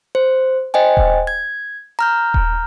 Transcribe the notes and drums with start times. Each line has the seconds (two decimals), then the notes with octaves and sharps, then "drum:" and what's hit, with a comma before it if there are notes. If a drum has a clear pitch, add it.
0.15 C5
0.74 C5 D#5 G5 G#5
0.97 drum: kick D#1
1.27 G#6
1.99 A#5 F6 G6
2.34 drum: kick D#1